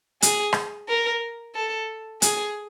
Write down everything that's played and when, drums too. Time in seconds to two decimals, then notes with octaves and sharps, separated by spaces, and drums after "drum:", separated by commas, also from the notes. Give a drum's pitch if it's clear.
0.22 G#4, drum: hi-hat
0.53 drum: rim click
0.89 A#4
1.55 A4
2.22 G#4, drum: hi-hat